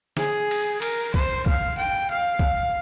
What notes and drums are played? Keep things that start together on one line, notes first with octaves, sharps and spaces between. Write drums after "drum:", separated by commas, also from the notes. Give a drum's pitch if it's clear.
G#4, drum: snare
drum: cymbal
A#4, drum: cymbal
C5, drum: kick
F5, drum: kick
G5
F5
drum: kick